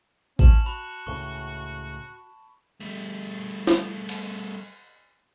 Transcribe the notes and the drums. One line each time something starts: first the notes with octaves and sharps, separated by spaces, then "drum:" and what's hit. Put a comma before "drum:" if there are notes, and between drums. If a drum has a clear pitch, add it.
C#4 A5 E7 F#7, drum: kick A1
F#4 B5
C#2 A2 C#3 C#6
G3 A3
drum: snare
drum: cymbal